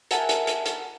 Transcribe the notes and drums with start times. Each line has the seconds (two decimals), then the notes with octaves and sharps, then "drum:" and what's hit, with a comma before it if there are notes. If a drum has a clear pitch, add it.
0.11 A#4 E5 F#5 G#5 A5, drum: hi-hat
0.29 drum: hi-hat
0.47 drum: hi-hat
0.66 drum: hi-hat